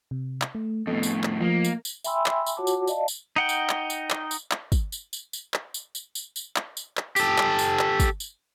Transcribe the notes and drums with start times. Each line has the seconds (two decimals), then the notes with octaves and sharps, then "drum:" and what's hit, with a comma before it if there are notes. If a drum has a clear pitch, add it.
0.11 C3
0.42 drum: clap
0.55 A3
0.87 F2 A2 B3 A4 D#5
1.03 drum: tambourine
1.24 drum: clap
1.41 F3 A3 A#3 D#5
1.65 drum: tambourine
1.85 drum: tambourine
2.04 E5 G5 G#5 B5 C6 E6, drum: tambourine
2.26 drum: clap
2.46 drum: tambourine
2.57 F4 F#4 C#5 F#5 A5 D6
2.67 drum: tambourine
2.87 D5 D#5 F5 A5, drum: tambourine
3.08 drum: tambourine
3.36 D#4 F#5 G5
3.49 drum: tambourine
3.69 drum: clap
3.90 drum: tambourine
4.10 drum: clap
4.31 drum: tambourine
4.51 drum: clap
4.72 drum: kick, tambourine
4.92 drum: tambourine
5.13 drum: tambourine
5.33 drum: tambourine
5.54 drum: clap
5.74 drum: tambourine
5.95 drum: tambourine
6.15 drum: tambourine
6.36 drum: tambourine
6.56 drum: clap
6.77 drum: tambourine
6.97 drum: clap
7.16 G4 A4, drum: tambourine
7.38 drum: clap
7.59 drum: tambourine
7.79 drum: clap
8.00 drum: kick, tambourine
8.20 drum: tambourine